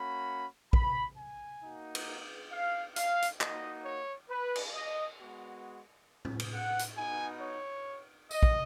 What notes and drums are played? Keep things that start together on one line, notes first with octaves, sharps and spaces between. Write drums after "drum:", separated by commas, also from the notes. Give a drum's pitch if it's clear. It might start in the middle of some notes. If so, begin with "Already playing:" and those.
Already playing: A#3 C#4 F#4 B5
B5, drum: kick
G#5
A#3 D#4 F#4
drum: cymbal
F5
F5, drum: hi-hat
drum: hi-hat
A#3 D#4 F#4 D#5, drum: clap
C#5
B4
drum: cymbal
D#5
G#3 B3 F#4
drum: tom
drum: cymbal
F#5
drum: hi-hat
B3 D#4 F#4 G#5
C#5
D#5, drum: tambourine
drum: kick